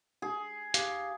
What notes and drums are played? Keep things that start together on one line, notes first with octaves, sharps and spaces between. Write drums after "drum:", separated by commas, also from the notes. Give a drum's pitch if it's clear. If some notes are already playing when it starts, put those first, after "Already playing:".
G#4
G4 F5, drum: hi-hat